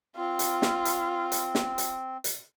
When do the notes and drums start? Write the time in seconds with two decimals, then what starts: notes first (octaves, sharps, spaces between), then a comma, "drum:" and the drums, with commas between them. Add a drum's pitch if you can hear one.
0.16 C4 F4
0.39 drum: hi-hat
0.62 drum: snare
0.85 drum: hi-hat
1.32 drum: hi-hat
1.55 drum: snare
1.78 drum: hi-hat
2.24 drum: hi-hat